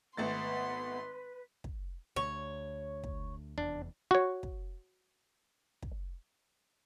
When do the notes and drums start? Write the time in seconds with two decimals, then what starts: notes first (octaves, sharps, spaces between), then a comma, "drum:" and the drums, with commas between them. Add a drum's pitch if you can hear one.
0.17 G#1 A3 B3 B4 C6 A6
1.64 drum: kick
2.16 D2 C#5
3.04 drum: kick
3.58 F1 E2 D4
4.11 F#4 C#5
4.43 drum: kick
5.82 drum: kick